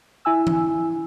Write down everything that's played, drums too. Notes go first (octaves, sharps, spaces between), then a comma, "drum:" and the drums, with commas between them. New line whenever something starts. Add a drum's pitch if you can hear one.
E4 G#5 E6
drum: tom E3